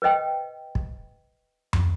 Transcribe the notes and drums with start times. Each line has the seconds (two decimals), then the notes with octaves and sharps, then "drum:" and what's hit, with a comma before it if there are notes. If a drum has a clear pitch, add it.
0.02 B4 C5 D#5 G5
0.75 drum: kick
1.73 drum: tom F2